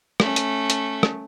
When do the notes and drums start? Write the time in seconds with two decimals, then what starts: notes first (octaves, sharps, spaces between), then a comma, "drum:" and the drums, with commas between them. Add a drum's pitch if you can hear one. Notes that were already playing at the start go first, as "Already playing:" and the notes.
0.20 A3 C#4, drum: rim click
0.36 drum: hi-hat
0.70 drum: hi-hat
1.03 drum: rim click